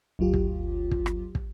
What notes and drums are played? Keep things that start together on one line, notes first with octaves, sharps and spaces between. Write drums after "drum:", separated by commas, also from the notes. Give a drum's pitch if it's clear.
G1 D2 F#3 F4 G4
drum: kick
drum: kick
drum: rim click
drum: kick